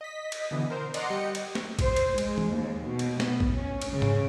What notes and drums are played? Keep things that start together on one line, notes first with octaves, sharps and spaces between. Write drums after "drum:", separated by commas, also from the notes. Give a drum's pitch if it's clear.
D#5 B6
drum: cymbal
B2 D3 E3 B3
A#4 C5
D5 D#5 F#5 A#5 C6 D6, drum: cymbal
G3 G4 D#5 C#7
drum: cymbal
drum: snare
C5, drum: kick, cymbal
drum: cymbal
G#3, drum: cymbal
drum: tom
D#2
B2
drum: cymbal
B3, drum: snare
drum: kick
C#4
drum: cymbal
C#3
drum: tom G#2